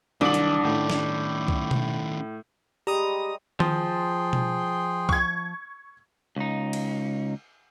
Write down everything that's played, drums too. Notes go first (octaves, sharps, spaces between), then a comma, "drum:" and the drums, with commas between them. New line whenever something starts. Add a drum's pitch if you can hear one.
C2 D#3 F#3 D4 D6 F#7
drum: hi-hat
A2 D#3 C#4
drum: snare
drum: kick C2
drum: tom B2
G3 G#3 G4 A#5 D#6
F3 G#4 G5 C6, drum: tom D#3
drum: tom B2
C#6 G#6, drum: kick C2
C#2 D#4
drum: cymbal